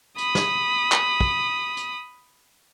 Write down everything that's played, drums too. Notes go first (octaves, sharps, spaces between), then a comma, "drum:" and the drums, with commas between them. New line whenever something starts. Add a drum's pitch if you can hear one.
B5 D#6, drum: hi-hat
drum: snare
drum: clap
drum: kick
drum: hi-hat